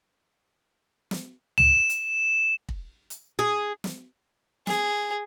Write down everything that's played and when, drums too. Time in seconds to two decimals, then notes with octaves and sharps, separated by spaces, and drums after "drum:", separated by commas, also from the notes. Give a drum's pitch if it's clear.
1.11 drum: snare
1.58 E7, drum: tom C#2
1.89 drum: hi-hat
2.69 drum: kick
3.10 drum: hi-hat
3.39 G#4
3.84 drum: snare
4.67 G#4, drum: snare